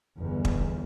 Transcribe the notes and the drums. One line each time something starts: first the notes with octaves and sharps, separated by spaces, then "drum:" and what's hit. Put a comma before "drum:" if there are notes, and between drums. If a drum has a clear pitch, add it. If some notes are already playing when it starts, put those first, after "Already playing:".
G1 E2
drum: kick